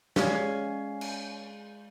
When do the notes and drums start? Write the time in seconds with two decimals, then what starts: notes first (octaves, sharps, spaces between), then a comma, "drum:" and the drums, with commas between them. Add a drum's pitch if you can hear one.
0.16 G#3 C#4 D5 F5 G#5, drum: snare
1.01 drum: cymbal